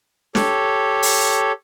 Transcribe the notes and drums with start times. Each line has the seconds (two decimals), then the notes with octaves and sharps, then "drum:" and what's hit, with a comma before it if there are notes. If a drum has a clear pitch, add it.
0.35 G4 A4 C#5, drum: snare
1.03 drum: open hi-hat